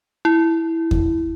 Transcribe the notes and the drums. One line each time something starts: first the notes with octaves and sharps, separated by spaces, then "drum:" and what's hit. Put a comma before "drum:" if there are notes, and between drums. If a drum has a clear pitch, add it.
E4
drum: kick E2